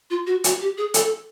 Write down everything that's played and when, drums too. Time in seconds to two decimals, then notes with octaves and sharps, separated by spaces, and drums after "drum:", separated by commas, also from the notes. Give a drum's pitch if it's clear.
0.10 F4
0.27 F#4
0.44 F#4, drum: hi-hat
0.61 G4
0.78 G#4
0.94 A4, drum: hi-hat